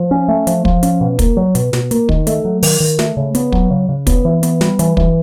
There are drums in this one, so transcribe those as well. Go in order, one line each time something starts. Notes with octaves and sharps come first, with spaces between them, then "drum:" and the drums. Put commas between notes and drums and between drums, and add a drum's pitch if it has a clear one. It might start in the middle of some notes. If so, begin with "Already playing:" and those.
Already playing: F3
C#4
A3
F3, drum: hi-hat
F3, drum: kick
C#4, drum: hi-hat
B2
A#3, drum: kick, hi-hat
F#3
B2, drum: hi-hat
B2, drum: snare
A#3, drum: hi-hat
D#3, drum: kick
A3, drum: hi-hat
F#3
D#3, drum: open hi-hat
D#3
A3, drum: snare
C#3
B3, drum: hi-hat
F#3, drum: kick
C#3
C#3
B3, drum: kick, hi-hat
E3
B3, drum: hi-hat
G3, drum: snare
E3, drum: hi-hat
E3, drum: kick